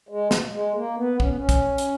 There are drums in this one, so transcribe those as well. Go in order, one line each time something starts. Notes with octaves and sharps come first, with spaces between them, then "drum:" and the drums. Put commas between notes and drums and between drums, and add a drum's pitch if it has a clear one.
G#3
drum: snare
G#3
A#3
B3
C#4, drum: kick
B3
C#4
drum: kick, hi-hat
drum: hi-hat